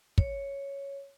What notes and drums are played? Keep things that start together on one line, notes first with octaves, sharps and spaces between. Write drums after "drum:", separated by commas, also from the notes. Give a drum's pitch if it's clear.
C#5, drum: kick